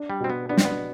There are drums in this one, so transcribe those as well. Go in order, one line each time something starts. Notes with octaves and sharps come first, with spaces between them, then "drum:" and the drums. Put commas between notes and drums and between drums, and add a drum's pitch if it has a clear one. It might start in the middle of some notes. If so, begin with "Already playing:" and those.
Already playing: D4
G3
B2 C4
B3
B3 D4
C4, drum: snare
B3